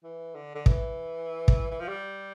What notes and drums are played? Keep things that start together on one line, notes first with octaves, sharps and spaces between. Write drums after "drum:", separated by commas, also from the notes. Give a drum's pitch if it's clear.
E3
D3
D3
E3, drum: kick
drum: kick
E3
F3
G3